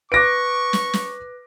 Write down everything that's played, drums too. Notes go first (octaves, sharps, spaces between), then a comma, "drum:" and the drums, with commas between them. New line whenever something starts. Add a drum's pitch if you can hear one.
B4 C#6 D6 F#6 A#6 D7
drum: snare
drum: snare